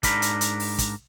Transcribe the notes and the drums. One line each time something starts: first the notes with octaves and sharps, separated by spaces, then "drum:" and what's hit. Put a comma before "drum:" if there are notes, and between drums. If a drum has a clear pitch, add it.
G#2 D4 A#4 B5, drum: kick, hi-hat
drum: hi-hat
drum: hi-hat
drum: open hi-hat
drum: kick, hi-hat